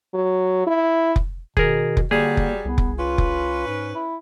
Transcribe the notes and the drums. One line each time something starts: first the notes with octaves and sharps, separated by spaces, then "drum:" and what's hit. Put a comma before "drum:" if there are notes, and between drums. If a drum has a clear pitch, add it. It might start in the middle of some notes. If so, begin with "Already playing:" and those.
F#3
E4
drum: kick F1
B2 D#3 G#4 A#4, drum: kick F1
drum: kick F1
D3 F#3 G3 A#3 G#4
drum: kick F1
C2 B3
drum: kick F1
C#4 F4 B4
drum: kick F1
G#2
E4